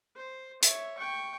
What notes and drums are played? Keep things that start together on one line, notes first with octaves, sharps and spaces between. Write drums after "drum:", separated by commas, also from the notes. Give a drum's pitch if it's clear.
C5
C#5 E5, drum: hi-hat
G5 C#6